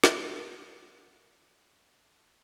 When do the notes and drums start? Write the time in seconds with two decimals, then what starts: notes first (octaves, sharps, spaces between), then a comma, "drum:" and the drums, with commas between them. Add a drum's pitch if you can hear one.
0.04 drum: snare
0.19 A3 D4 F#4 A5
0.74 F#5